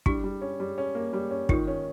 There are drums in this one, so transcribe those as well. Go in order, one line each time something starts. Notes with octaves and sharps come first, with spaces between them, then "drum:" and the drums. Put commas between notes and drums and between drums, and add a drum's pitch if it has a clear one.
G3 D4 E4, drum: kick
G3
C#4
G3
C#4
A#3
G3
C#4
D#3 D#4 F4, drum: kick
C#4